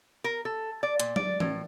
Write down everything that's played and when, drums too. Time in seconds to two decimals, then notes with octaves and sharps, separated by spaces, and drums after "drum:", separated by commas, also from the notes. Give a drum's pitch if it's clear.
0.24 A#4
0.45 A4
0.83 D5
1.00 A#2, drum: hi-hat
1.16 D5, drum: tom F#3
1.40 A2, drum: tom